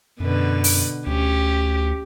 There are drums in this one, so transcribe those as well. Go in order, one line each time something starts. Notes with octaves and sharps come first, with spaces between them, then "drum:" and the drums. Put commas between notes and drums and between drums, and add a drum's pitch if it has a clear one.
F#2 B2 D3 B4
drum: open hi-hat
D2 C#4 G4